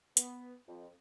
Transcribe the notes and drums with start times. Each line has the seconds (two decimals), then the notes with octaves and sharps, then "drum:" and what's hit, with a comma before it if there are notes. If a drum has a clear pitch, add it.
0.17 B3, drum: hi-hat
0.68 F2